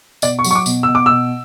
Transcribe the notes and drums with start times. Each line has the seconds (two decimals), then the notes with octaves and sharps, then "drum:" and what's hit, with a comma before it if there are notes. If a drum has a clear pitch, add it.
0.22 B2 D5, drum: tambourine
0.39 C#6
0.44 F#3, drum: tambourine
0.51 C#6
0.55 D6
0.66 B2, drum: tambourine
0.83 B2 E6
0.95 D6
1.06 B2 E6